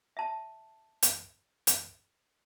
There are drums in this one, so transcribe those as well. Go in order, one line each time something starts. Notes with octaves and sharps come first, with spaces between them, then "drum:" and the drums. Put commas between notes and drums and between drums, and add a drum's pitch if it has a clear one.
E5 A5
drum: hi-hat
drum: hi-hat